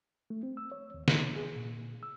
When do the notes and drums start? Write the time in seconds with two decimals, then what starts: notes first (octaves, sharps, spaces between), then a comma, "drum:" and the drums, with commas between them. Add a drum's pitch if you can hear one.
0.30 A3
0.43 C4
0.57 E6
0.72 C#5
0.94 D#2
1.08 C3, drum: snare
1.36 G#4
1.56 A#2
2.03 E6